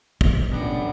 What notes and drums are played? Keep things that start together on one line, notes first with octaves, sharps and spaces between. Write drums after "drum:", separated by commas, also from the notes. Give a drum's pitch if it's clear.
B2, drum: kick
F#2 A#2 D3 G3 B3 D4
A2